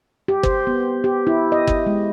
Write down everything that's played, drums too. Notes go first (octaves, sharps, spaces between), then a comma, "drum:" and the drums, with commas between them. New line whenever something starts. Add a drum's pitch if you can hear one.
G4
C5, drum: kick G1
B3
G4
E4
D#5
drum: kick G1
G#3